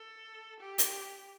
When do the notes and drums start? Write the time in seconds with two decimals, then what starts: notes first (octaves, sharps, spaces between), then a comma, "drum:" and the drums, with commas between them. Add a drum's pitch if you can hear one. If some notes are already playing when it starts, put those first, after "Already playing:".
Already playing: A4
0.61 G4
0.78 drum: hi-hat